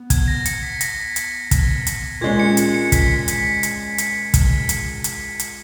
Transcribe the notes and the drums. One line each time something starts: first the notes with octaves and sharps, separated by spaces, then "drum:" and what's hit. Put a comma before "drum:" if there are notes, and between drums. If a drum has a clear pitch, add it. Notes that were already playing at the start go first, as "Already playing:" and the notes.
Already playing: B3
G#6, drum: kick, hi-hat
A#6
C#7, drum: hi-hat
B6
A#6, drum: hi-hat
drum: hi-hat
drum: kick, hi-hat
drum: hi-hat
A#2 G#3 C#4 G#6
C#7
C#7, drum: hi-hat
C#7
B6, drum: kick, hi-hat
drum: hi-hat
drum: hi-hat
drum: hi-hat
drum: kick, hi-hat
drum: hi-hat
drum: hi-hat
drum: hi-hat